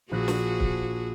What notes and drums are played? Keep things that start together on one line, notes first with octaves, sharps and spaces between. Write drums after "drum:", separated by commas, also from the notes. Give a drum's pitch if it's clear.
A#1 F3 F#4 G#4 F#6 A#6
drum: snare
drum: kick C#1